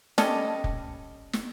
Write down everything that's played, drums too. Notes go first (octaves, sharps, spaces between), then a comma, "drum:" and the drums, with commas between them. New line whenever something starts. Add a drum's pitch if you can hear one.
G3 C#4 A4 D#5, drum: snare
drum: kick
drum: snare